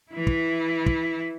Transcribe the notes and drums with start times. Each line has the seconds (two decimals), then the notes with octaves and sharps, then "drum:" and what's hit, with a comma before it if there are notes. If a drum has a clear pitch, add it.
0.12 E3 E4
0.27 drum: kick
0.86 drum: kick